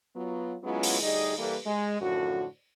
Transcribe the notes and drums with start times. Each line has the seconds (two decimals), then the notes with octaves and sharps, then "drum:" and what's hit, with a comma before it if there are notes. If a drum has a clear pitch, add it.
0.16 F#3 B3 F4
0.63 F#3 G#3 B3 C#4 E4 F4
0.83 drum: open hi-hat
1.01 D2 G3 D#4 G#4 D#5
1.37 E3 G3 A#3 A4 B4
1.67 G#3
2.01 F#2 A2 D3 F3 F#4